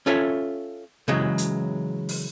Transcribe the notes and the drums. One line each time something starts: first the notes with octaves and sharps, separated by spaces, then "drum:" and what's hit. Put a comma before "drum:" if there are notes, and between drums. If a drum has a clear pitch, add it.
C#4 F4 A4 C#5 E5
C#3 E3 F#3 G#3
drum: hi-hat
drum: open hi-hat